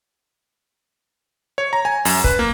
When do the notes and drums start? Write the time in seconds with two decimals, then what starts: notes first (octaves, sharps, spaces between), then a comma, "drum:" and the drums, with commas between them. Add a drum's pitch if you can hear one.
1.58 C#5
1.73 A#5
1.85 G#5
2.05 F#2, drum: open hi-hat
2.24 B4, drum: kick
2.39 A#3